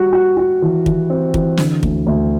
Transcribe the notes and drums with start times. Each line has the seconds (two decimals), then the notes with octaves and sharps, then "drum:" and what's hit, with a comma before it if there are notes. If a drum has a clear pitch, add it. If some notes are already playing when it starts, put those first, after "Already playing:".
Already playing: G3 F#4
0.13 F#4
0.37 F#4
0.62 E3
0.86 E3, drum: kick
1.10 C4
1.34 E3, drum: kick
1.57 D3, drum: snare
1.83 D2, drum: kick
2.06 D2